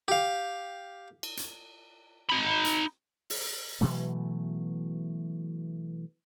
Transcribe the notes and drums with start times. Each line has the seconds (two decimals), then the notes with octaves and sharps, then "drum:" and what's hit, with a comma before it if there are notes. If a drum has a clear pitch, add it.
0.08 G4 F5
1.23 drum: cymbal
1.37 drum: hi-hat
2.29 D#4 B5
2.65 drum: hi-hat
3.30 drum: open hi-hat
3.81 B2 E3 F#3 A3